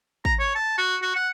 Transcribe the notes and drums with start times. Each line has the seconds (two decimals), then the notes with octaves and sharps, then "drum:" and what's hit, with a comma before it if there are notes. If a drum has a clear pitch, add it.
0.25 A#5, drum: kick
0.40 C#5
0.55 A5
0.78 F#4
1.02 F#4
1.16 F#5